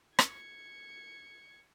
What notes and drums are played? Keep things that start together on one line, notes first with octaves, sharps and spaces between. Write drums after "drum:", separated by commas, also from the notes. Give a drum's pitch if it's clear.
G#6 C#7, drum: rim click